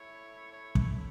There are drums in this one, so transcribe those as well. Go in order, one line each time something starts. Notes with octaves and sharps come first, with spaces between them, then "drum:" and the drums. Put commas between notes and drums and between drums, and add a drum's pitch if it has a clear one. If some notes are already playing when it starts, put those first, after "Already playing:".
Already playing: A3 E4 C#5
C#5
drum: kick